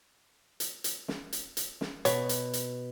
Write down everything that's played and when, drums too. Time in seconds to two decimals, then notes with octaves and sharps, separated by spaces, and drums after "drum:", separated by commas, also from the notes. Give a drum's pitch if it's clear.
0.60 drum: hi-hat
0.84 drum: hi-hat
1.08 drum: snare
1.33 drum: hi-hat
1.57 drum: hi-hat
1.81 drum: snare
2.05 B2 C#5, drum: hi-hat
2.29 drum: hi-hat
2.53 drum: hi-hat